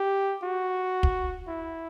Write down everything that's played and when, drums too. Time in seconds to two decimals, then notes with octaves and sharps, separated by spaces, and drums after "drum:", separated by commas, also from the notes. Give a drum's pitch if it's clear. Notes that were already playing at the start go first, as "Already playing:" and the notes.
Already playing: G4
0.43 F#4
1.03 drum: kick
1.47 E4